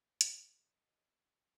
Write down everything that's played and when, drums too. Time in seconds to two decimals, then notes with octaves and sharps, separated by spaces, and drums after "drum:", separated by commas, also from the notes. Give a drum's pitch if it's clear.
0.21 drum: hi-hat
0.56 E3
0.74 D#5
1.05 C4
1.40 F2